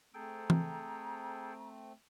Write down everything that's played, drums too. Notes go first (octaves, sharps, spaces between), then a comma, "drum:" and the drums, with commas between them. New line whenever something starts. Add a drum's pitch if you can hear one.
A3 C4 G#4 A4 G5 A#5
drum: tom